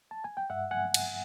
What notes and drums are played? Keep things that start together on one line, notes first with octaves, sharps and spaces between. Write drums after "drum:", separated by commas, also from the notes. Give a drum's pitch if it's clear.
A5
G#5
G5
G2 E5 F#5
F#5 G#5
drum: cymbal